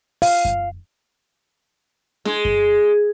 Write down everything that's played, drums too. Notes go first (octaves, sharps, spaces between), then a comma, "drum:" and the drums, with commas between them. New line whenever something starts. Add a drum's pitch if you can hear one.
F5, drum: open hi-hat
drum: kick F#2
G#3, drum: snare
drum: kick F#2